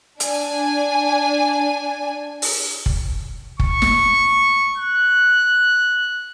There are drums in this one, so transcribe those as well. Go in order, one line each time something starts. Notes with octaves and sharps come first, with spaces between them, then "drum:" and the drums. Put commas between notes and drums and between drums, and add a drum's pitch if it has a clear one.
D4 G#5, drum: hi-hat
drum: open hi-hat
drum: kick F#1
C#6, drum: kick F#1
drum: snare
F#6